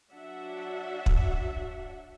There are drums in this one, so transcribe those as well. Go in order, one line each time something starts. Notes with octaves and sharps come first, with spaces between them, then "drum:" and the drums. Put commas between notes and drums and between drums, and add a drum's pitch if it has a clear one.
F#3 D4 F#4 E5 F#5
drum: kick